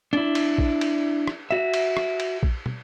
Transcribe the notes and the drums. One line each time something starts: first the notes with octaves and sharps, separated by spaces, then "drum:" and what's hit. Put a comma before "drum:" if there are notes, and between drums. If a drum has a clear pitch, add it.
D4 E4
drum: cymbal
drum: kick A#1
drum: cymbal
drum: rim click
F#4 E5
drum: cymbal
drum: rim click
drum: cymbal
drum: kick A#1
drum: tom